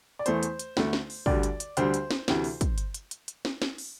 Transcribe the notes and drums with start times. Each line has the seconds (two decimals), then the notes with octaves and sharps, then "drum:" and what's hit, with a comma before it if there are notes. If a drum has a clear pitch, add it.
0.19 D5
0.26 E2 E3 A3 C5, drum: hi-hat
0.43 drum: hi-hat
0.59 drum: hi-hat
0.77 D2 D3 A3, drum: snare
0.93 drum: snare
1.10 drum: open hi-hat
1.26 D2 D3 G3 D5, drum: kick
1.43 drum: hi-hat
1.60 drum: hi-hat
1.77 D2 D3 G3 C5, drum: hi-hat
1.94 drum: hi-hat
2.11 drum: snare
2.28 D2 C3 E3, drum: snare
2.44 drum: open hi-hat
2.61 drum: kick, hi-hat
2.78 drum: hi-hat
2.94 drum: hi-hat
3.11 drum: hi-hat
3.28 drum: hi-hat
3.45 drum: snare
3.62 drum: snare
3.78 drum: open hi-hat